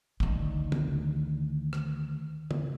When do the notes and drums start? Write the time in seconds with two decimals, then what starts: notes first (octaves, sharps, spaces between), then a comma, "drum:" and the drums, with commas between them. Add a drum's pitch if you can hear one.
0.20 D2 D#3, drum: kick
0.72 drum: tom
1.73 drum: rim click
2.51 drum: tom